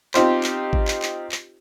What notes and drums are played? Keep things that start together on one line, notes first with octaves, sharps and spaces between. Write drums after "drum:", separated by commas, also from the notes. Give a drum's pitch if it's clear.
C4 D#4 F4 G4 C5, drum: clap
drum: clap
drum: kick G#1
drum: clap
drum: clap
drum: clap